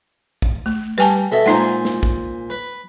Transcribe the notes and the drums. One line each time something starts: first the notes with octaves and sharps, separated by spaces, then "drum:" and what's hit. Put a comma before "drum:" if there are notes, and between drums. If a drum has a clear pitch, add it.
drum: kick
A3
G3 B4 G#5 A5
B2 A4 E5
A#2 G#3 D#4 C5 G#5 A#5
drum: snare
drum: kick
B4